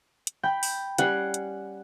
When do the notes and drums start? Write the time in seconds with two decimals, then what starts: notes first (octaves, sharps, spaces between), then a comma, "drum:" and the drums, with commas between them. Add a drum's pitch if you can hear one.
0.27 drum: hi-hat
0.43 G5 B5 G6
0.63 drum: open hi-hat
0.98 G3 C#4 F#5 C7, drum: hi-hat
1.34 drum: hi-hat